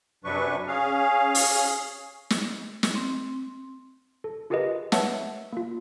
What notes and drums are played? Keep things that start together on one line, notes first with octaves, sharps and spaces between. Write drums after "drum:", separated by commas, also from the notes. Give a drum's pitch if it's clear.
F#2 C3 F#3 D4 B4 C#6
C#4 G#4 F5
drum: open hi-hat
drum: snare
drum: snare
C4
A4
F4 G4 G#4 A#4 B4 D#5
B4 C#5 E5 F#5 A5 E6, drum: snare
A#3 F4